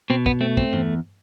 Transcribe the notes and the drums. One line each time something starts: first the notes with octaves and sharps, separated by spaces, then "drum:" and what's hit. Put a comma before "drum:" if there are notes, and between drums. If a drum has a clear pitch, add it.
B2 C4
B3, drum: kick
A3 C4
C4, drum: kick
E2, drum: tom G2